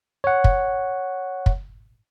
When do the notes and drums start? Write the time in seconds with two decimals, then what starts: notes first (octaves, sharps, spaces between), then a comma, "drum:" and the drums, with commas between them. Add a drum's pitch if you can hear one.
0.24 C#5 F#5
0.44 drum: kick
1.46 drum: kick